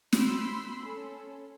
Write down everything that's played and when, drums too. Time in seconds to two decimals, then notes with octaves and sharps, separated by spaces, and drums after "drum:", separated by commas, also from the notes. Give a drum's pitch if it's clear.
0.13 B5 C6 E6, drum: snare
0.83 C#4 A4